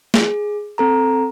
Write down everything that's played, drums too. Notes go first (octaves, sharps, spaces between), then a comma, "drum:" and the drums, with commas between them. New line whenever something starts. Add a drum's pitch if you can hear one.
G#4, drum: snare
C4 A4 A#5